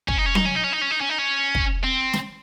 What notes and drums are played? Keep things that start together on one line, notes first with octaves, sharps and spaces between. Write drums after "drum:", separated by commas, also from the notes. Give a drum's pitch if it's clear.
C#4, drum: kick
D#4
C#4
D#4, drum: tom F#3
C#4
D#4
C#4
D#4
C#4
D#4
C#4
D#4
C#4
drum: kick
C4
drum: snare